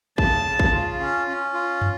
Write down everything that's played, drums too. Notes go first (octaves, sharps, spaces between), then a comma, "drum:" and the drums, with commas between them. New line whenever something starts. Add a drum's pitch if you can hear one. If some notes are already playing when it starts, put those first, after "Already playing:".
C#3 A5, drum: kick
C#3
drum: kick
F4
C#4
C#4
F4
drum: tom